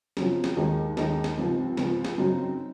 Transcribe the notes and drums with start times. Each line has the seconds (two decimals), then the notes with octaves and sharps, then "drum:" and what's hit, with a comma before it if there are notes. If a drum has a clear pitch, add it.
0.17 F#2 C#3 F3 C4 F4, drum: snare C4
0.44 drum: snare C4
0.57 D#2 D#3 G#3 D#4
0.97 D#2 D#3 G#3 D#4, drum: snare C4
1.24 drum: snare C4
1.38 C#2 C3 F3 C4
1.77 C#2 C3 F3 C4, drum: snare C4
2.05 drum: snare C4
2.18 F#2 C#3 F#3 C4 D#4